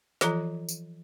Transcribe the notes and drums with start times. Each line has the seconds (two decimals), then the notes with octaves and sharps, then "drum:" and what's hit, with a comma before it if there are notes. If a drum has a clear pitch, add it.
0.21 E3 F3 F4 A4 D#5 A#5, drum: snare
0.69 drum: tambourine